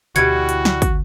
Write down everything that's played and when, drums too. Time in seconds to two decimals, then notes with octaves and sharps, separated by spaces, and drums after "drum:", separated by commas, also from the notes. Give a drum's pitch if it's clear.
0.16 D2 B2 D3 E3 G3 F#4 G#6 C#7, drum: hi-hat
0.49 drum: hi-hat
0.65 drum: snare
0.82 drum: kick, hi-hat